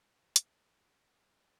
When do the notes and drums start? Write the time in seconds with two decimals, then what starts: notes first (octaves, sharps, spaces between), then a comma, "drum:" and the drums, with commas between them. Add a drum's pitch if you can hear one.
0.16 D#5 G5 A#5 B5 C#6
0.36 G#4, drum: hi-hat
0.75 D4 E5 A5 C6
0.92 F#4 G4 F5 G#5
1.23 E4 D5